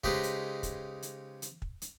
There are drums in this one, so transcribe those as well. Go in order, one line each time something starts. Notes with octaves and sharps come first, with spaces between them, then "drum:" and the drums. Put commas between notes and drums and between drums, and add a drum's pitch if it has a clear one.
C#3 G#3 D#4 G4 B4 C5, drum: kick
drum: hi-hat
drum: kick, hi-hat
drum: hi-hat
drum: hi-hat
drum: kick
drum: hi-hat